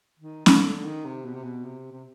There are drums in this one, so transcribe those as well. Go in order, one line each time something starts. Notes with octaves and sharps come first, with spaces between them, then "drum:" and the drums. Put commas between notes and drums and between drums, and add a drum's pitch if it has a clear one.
D#3
D#3, drum: snare C#4
D3
D#3
C3
B2
C3
B2
C3
C3